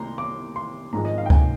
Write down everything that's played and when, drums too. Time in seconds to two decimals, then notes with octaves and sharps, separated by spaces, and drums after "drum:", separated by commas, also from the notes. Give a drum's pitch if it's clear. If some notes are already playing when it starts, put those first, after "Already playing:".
Already playing: C2 C3 A#5 C6
0.18 D6
0.56 C6
0.93 G#1 G#2 F3 G#3 A#5
1.05 D#5
1.18 F5
1.26 G5
1.30 G#5, drum: kick C#2